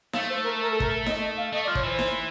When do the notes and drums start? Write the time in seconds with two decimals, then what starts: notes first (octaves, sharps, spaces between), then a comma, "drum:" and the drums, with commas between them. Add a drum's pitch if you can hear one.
0.13 A3 F5, drum: snare D#4
0.29 C5
0.44 A#4
0.60 A#4
0.70 A4
0.80 A#4, drum: kick
1.06 D#5, drum: snare D#4
1.22 D#5
1.37 F5
1.52 A3 D#5
1.64 D5
1.68 F3
1.75 C#5, drum: kick
1.83 E3 C5
1.99 drum: snare D#4